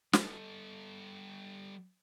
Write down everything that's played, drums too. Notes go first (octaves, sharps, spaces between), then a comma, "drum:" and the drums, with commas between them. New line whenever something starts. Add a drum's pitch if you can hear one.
G3 A4, drum: snare